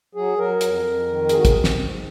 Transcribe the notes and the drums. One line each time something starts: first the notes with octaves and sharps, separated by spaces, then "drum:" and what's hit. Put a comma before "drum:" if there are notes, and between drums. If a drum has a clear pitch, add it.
F#3 G#4
F#3 A#4
F2, drum: hi-hat
F2
D#3
G#2 G#4, drum: hi-hat
F#4
G#4, drum: kick, hi-hat
G#2
drum: snare
G#2